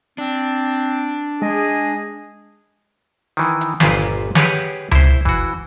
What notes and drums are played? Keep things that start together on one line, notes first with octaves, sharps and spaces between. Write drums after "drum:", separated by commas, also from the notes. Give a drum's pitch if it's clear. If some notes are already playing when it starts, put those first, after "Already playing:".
C4 D4
G#3 G#4 D#5
D#3 E3
drum: hi-hat
G1 A#2 F4 B4 C5, drum: snare
G4 G#4 B4 C#5 F#5, drum: snare
E4 C5, drum: tom C#2
E3 F#4, drum: kick F#1